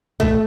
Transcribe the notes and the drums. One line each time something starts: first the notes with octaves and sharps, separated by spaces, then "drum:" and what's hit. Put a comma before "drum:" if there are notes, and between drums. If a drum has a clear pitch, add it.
A3, drum: kick